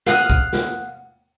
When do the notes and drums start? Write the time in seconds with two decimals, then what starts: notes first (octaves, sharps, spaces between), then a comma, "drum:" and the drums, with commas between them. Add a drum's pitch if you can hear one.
0.06 F5 F#5 D#6 F6, drum: snare
0.30 drum: kick
0.53 drum: snare